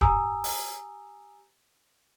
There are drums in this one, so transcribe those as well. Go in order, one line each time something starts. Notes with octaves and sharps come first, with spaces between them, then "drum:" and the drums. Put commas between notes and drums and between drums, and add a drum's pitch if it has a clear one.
G4 G#5 A#5 D#6 E6, drum: kick
drum: open hi-hat